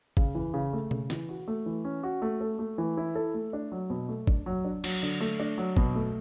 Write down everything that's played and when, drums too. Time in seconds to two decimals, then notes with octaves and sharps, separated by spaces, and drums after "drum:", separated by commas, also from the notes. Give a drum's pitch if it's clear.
0.17 C#3, drum: kick G#1
0.35 E3
0.54 C#3
0.73 A3
0.91 C#3, drum: tom B2
1.10 E3, drum: snare
1.29 F#4
1.48 A3
1.66 E3
1.85 C#4
2.03 F#4
2.22 A3
2.41 A4
2.59 A3
2.78 E3
2.97 E4
3.15 A4
3.34 A3
3.53 D4
3.72 F#3
3.90 B2
4.09 A3
4.27 D4, drum: kick G#1
4.46 F#3
4.64 D4
4.84 F#3, drum: cymbal
5.03 D3
5.21 A3
5.39 D4
5.58 F#3
5.77 B2, drum: kick G#1
5.95 A3